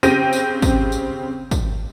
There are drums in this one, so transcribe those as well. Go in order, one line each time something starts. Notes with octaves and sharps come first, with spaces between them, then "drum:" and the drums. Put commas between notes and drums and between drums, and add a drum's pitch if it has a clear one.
C#3 C4 G4 G5 A#6 D#7, drum: tambourine
drum: tambourine
drum: kick, tambourine
drum: tambourine
drum: kick, tambourine